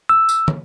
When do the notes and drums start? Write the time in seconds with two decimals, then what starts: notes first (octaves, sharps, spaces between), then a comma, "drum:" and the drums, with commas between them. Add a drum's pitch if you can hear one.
0.09 E6
0.29 drum: tambourine
0.48 drum: tom